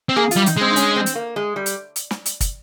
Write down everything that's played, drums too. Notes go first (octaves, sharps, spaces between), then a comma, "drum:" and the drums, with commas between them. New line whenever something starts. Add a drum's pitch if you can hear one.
C4
A#3 G#4
G3 F4, drum: hi-hat
D#4, drum: hi-hat
G#3 C4
D#4
C#4, drum: hi-hat
C4
drum: hi-hat
A#3
G#3
G3
drum: hi-hat
drum: hi-hat
drum: snare
drum: hi-hat
drum: kick, hi-hat